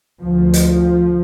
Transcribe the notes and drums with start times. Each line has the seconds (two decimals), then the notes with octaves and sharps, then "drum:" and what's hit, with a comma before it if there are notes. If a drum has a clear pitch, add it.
0.21 D2 F3
0.54 drum: hi-hat